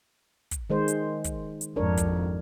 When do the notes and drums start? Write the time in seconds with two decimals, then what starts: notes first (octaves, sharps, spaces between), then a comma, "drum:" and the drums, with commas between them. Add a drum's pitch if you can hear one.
0.51 drum: kick, hi-hat
0.70 D#3 G#3 C5
0.88 drum: hi-hat
1.24 drum: kick, hi-hat
1.61 drum: hi-hat
1.76 G#1 F2 G#2 D4 A#4 C#5
1.98 drum: kick, hi-hat